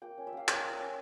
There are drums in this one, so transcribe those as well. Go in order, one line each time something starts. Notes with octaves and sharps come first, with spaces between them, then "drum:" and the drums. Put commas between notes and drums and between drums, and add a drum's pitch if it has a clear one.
A#3 G5
C#4
E5
A#3 F5
C#4 G5, drum: clap
A#3
E5
C#4